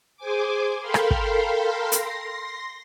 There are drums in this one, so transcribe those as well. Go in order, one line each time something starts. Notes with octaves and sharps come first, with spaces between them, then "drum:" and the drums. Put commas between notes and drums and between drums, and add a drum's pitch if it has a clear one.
G#4 C5 G#5 D6
A4 A#4 F5 G5 B5 C6
drum: rim click
drum: kick
C6 A#6, drum: hi-hat